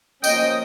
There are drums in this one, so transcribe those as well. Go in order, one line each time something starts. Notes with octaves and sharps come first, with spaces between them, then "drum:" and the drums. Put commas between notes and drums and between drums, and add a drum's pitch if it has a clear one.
F3 A#3 C#4 D#5 G5, drum: tambourine